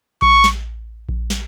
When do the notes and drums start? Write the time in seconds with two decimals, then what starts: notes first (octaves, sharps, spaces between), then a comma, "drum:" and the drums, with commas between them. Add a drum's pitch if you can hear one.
0.22 C#6, drum: kick A#1
0.44 drum: snare
1.09 drum: kick A#1
1.30 drum: snare